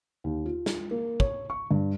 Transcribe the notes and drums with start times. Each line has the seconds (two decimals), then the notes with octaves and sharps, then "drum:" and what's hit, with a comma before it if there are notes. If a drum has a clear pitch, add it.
0.24 D#2
0.46 F4
0.66 drum: snare
0.91 A#3
1.20 C#5, drum: kick
1.50 C#6
1.71 G2